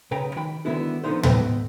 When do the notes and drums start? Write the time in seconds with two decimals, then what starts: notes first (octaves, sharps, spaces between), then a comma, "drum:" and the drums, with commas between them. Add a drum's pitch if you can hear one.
0.11 B1 C#3 B4 G5 A#5
0.36 D#3 G5 B5
0.65 D3 D#3 G#3 B3 E4 F#4
1.04 D3 F3 B3 D4 D#4 C5
1.23 D#2 B3 A4 B4 D#5 G5, drum: tom